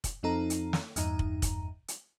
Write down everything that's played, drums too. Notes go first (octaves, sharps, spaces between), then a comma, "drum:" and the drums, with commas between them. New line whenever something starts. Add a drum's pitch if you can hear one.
drum: kick, hi-hat
F2 F3 C4 D#4 A4 A#5
drum: hi-hat
drum: snare
E2 G2 D#4 A#5, drum: hi-hat
drum: kick
drum: kick, hi-hat
drum: hi-hat